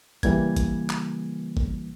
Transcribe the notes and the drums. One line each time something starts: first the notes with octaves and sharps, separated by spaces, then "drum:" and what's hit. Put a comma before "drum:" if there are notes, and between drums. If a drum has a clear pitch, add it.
C#3 E3 G3 A#3 G#6, drum: kick G1, hi-hat
drum: kick G1, hi-hat
drum: clap
drum: kick G1